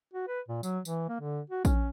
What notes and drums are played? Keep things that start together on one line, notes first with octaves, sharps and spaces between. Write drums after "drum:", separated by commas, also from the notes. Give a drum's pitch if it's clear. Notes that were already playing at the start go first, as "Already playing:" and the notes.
F#4
B4
A#2
F#3, drum: tambourine
E3, drum: tambourine
A#3
D3
F#4
C#4, drum: kick A#1, tambourine